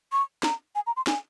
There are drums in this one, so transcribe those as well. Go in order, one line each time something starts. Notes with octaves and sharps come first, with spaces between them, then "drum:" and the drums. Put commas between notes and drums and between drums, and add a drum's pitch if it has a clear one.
C#6
A#5, drum: snare
G#5
A#5
C6
G#5, drum: snare